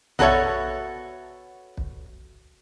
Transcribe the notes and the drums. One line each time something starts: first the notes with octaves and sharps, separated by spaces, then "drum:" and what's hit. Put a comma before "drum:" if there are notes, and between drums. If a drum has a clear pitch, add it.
B3 F#4 A4 C#5 E5, drum: tom A#1
drum: kick